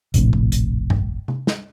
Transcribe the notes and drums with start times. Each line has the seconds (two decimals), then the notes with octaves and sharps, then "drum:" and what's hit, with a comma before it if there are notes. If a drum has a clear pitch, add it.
0.14 F1 A#1 F2 A2, drum: hi-hat
0.33 drum: kick
0.52 drum: hi-hat
0.90 drum: tom G2
1.28 drum: tom C3
1.47 drum: snare